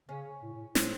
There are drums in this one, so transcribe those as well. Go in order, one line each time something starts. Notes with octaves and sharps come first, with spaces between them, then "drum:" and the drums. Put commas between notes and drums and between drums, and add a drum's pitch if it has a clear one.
C#3 C#4
A2
A2
A2 C4, drum: snare